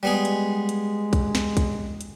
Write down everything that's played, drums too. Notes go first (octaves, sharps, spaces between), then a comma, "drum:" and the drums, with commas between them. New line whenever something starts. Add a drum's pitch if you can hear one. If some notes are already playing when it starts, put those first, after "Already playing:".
G3 G#3 B3 G#4
drum: hi-hat
drum: hi-hat
drum: kick B1, hi-hat
drum: snare
drum: kick B1, hi-hat
drum: hi-hat